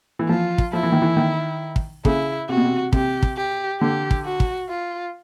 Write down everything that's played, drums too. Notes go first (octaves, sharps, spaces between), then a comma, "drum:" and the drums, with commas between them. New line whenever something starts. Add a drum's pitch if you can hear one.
E3
F3 F4
drum: kick
F3 E4
E3
D#3
E3
D#3
drum: kick
C#3 E4, drum: kick
C3 F#4
B2
C3
C3 G4, drum: kick
drum: kick
G4
D3 G4
drum: kick
F#4
drum: kick
F4